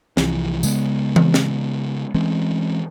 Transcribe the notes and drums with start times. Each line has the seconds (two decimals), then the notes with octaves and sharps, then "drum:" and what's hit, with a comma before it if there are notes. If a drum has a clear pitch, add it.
0.17 C2 E3 F3, drum: snare
0.63 C#3 G#3 A3 B3, drum: tambourine
1.16 drum: tom E3
1.34 drum: snare
2.15 E3 G#3 C4 C#4